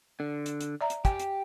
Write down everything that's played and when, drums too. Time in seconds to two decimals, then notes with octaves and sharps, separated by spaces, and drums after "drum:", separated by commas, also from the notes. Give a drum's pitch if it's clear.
0.20 D3
0.46 drum: hi-hat
0.61 drum: hi-hat
0.81 D5 E5 A#5
0.90 drum: hi-hat
1.05 G4 G5 G#5, drum: kick, hi-hat
1.20 drum: hi-hat